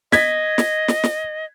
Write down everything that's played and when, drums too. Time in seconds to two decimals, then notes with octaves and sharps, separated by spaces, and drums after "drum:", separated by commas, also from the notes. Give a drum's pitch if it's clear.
0.12 D#5 G#6 B6, drum: snare
0.58 drum: snare
0.88 drum: snare
1.04 drum: snare